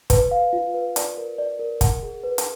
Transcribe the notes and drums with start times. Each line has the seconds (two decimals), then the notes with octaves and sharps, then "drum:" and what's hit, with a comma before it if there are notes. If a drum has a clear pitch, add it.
0.10 B4, drum: kick, hi-hat
0.31 F5
0.53 F4
0.74 B4
0.96 D5, drum: hi-hat
1.17 A#4
1.38 D5
1.59 A#4
1.81 F#5, drum: kick, hi-hat
2.03 G#4
2.23 B4
2.38 drum: hi-hat